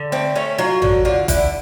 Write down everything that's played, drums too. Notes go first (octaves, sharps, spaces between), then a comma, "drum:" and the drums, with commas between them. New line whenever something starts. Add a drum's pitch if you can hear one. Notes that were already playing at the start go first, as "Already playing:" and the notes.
Already playing: D3
A3 C4
A3 C#4
F#3 F4
D3, drum: tom A1
D3 F4
D3 E4, drum: kick F#1, hi-hat